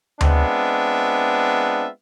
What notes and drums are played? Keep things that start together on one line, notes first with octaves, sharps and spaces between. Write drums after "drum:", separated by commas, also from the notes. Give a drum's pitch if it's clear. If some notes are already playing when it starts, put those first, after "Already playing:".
G#3 B3 C4 D4 F4 E5, drum: tom D2